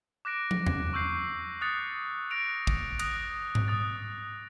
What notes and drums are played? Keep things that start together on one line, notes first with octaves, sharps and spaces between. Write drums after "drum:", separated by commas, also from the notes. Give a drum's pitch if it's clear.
D6 F#6 A#6 D7
drum: tom
drum: tom E2
C#6 E6 G6 C7
D#6 F#6 A6 C#7
F#6 A#6 D7 F7
drum: kick
D#6 F#6 A#6, drum: cymbal
drum: tom G#2
D#6 F#6 A6